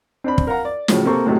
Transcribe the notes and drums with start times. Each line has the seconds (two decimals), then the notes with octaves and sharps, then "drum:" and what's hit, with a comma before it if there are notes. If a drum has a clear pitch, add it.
0.24 C4 D4 B5
0.38 drum: kick
0.47 A#4 F5 F#5 A#5
0.65 D5
0.88 A2 C#3 F3 F#3, drum: snare
1.05 C3 A#3 C4 A4 C#6
1.26 A2 C3 F#3 G#3 A3